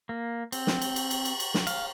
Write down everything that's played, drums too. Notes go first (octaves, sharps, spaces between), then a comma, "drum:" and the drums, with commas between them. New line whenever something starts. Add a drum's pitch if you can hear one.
A#3
C4, drum: cymbal
drum: snare
drum: cymbal
drum: cymbal
drum: cymbal
drum: cymbal
drum: cymbal
drum: snare
F5, drum: cymbal